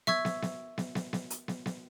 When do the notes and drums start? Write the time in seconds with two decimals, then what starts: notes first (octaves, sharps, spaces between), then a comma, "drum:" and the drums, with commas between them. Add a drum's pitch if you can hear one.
0.07 E5 C#6 E6 G#6, drum: snare
0.25 drum: snare
0.42 drum: snare
0.78 drum: snare
0.95 drum: snare
1.13 drum: snare
1.30 drum: hi-hat
1.48 drum: snare
1.66 drum: snare